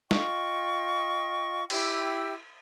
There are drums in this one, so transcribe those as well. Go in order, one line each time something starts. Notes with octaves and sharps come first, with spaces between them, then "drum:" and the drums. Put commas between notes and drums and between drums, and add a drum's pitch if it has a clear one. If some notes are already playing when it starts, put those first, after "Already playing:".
F4 D#5 G5 C#6, drum: snare
E4 G4 G5 E6, drum: cymbal